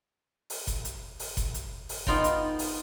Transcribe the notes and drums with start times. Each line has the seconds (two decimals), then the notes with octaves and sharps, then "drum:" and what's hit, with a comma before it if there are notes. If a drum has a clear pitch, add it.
0.50 drum: open hi-hat
0.67 drum: kick F#1, hi-hat
0.85 drum: hi-hat
1.19 drum: open hi-hat
1.37 drum: kick F#1, hi-hat
1.54 drum: hi-hat
1.89 drum: open hi-hat
2.07 B3 D#4 F4 G5 A#5, drum: kick F#1
2.24 drum: hi-hat
2.59 drum: open hi-hat